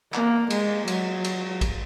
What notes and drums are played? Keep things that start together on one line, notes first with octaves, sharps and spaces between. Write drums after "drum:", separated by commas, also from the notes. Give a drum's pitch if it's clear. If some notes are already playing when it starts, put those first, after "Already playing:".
A#3, drum: clap
G#3, drum: cymbal
F#3, drum: cymbal
drum: cymbal
drum: kick A#1, cymbal